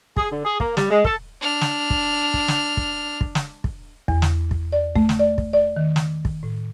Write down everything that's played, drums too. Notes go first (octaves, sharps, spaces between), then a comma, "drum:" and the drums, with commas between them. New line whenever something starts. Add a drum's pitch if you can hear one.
G#4, drum: kick
D3
G#4
A#3, drum: kick
G3, drum: snare
G#3
A4, drum: kick
D4 F6
drum: snare
drum: kick
drum: kick
drum: snare
drum: kick
drum: kick
drum: snare
drum: kick
E2, drum: kick
drum: snare
drum: kick
D5
A3, drum: kick
drum: snare
D5
drum: kick
D5
D#3
drum: snare
drum: kick
A2